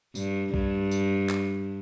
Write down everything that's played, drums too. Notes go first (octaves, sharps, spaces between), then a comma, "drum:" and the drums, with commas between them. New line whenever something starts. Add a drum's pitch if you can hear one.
G2, drum: tambourine
G2, drum: kick B1
drum: tambourine
drum: clap